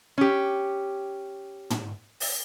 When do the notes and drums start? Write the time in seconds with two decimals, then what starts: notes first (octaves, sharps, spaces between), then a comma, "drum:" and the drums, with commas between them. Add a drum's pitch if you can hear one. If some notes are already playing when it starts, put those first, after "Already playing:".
0.18 C#4 G4
1.70 drum: tom
2.20 drum: open hi-hat